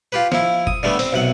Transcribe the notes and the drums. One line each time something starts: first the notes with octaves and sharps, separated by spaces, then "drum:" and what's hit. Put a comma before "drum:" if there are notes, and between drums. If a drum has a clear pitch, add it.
F4 G4 B4
F3 E4, drum: snare
D#6, drum: kick
D3 G3 A3 B3
C4, drum: open hi-hat
B1 C3 F#5